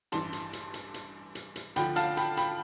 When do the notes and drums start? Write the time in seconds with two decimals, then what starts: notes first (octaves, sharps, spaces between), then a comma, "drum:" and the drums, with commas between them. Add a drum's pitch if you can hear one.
0.12 A1 G2 E3 A5 C6, drum: hi-hat
0.33 drum: hi-hat
0.53 drum: hi-hat
0.74 drum: hi-hat
0.94 drum: hi-hat
1.35 drum: hi-hat
1.56 drum: hi-hat
1.76 D2 D3 F3 G5 B5, drum: hi-hat
1.96 F5 A5, drum: hi-hat
2.17 G5 B5, drum: hi-hat
2.37 G5 B5, drum: hi-hat